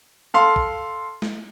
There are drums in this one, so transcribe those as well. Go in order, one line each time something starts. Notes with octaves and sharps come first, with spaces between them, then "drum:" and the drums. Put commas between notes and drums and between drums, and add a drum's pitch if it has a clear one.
A4 F5 C6
drum: kick
drum: snare